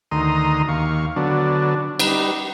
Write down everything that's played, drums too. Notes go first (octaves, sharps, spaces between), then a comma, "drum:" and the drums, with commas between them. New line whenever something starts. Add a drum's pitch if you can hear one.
D2 D#3 A#5 C6 D#6
D#2 F5 C#6
D3 F#3 B3 D4
G3 D#4 B4, drum: cymbal